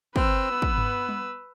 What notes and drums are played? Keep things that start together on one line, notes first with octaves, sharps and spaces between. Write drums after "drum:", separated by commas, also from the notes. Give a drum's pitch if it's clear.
C4 B4 E6, drum: kick
B3
drum: kick
drum: tom G2
drum: tom G3